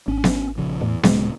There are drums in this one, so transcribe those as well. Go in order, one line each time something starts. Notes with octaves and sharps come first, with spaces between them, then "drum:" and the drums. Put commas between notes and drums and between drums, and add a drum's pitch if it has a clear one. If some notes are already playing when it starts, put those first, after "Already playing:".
G#1 C#4 D4
drum: snare B3
A#1 C#3 F3
E2 A2
D1 A#2 C#3 G#3, drum: snare B3